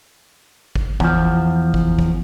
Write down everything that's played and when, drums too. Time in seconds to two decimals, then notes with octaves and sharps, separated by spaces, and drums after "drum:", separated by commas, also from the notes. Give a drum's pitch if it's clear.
0.76 drum: kick
1.00 E2 F3, drum: kick
1.74 drum: kick
1.99 drum: kick